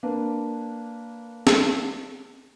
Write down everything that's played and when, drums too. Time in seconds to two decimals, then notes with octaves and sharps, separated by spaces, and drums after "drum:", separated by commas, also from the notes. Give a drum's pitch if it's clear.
0.03 A#3 D4 B4
1.47 drum: snare